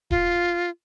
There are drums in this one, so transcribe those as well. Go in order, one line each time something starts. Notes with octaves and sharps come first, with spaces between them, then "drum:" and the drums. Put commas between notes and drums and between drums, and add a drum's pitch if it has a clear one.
F4, drum: kick D#1